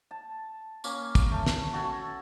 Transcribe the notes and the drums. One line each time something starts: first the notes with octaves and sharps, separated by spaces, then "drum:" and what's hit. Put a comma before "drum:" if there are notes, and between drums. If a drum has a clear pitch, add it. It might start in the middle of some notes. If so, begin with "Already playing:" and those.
A5
A#3 C#4, drum: tambourine
drum: kick, tambourine
A3
drum: snare
F#4 A4 G#5